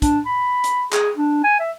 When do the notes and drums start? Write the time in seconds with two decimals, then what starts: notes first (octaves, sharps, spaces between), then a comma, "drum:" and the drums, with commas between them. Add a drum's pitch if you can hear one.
0.02 D4, drum: kick, hi-hat
0.26 B5
0.64 drum: hi-hat
0.93 G#4, drum: clap
1.17 D4
1.44 G#5
1.60 E5